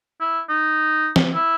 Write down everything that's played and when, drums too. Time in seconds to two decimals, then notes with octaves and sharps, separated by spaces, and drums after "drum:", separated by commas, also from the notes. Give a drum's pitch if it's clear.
0.20 E4
0.49 D#4
1.16 drum: snare
1.35 E4